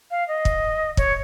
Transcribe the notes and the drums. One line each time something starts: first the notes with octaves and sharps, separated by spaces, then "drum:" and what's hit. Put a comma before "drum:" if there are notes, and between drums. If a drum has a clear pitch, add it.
F5
D#5
drum: kick
C#5, drum: kick